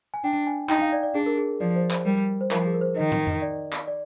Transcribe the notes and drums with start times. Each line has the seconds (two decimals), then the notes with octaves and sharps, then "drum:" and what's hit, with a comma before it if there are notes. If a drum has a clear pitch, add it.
0.14 G#5
0.24 D4 G5
0.47 G#5
0.69 D#4 G5, drum: clap
0.81 F5
0.92 D5
1.03 D5
1.14 D4 G#4
1.26 A#4
1.38 G#4
1.60 F3 D5
1.76 C5
1.90 C5, drum: clap
2.05 G3 A#4
2.41 C5
2.51 F3 A#4, drum: clap
2.66 G#4
2.74 A#4
2.81 C5
2.96 D#3 D#5
3.12 drum: tom
3.27 drum: tom F2
3.42 D5
3.72 drum: clap
3.88 D5